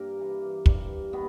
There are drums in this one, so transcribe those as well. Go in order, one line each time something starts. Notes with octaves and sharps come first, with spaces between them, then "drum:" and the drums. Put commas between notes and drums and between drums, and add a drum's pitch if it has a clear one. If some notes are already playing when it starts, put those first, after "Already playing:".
Already playing: G2 A#3 A#4
E3
G2, drum: kick
D#3 B3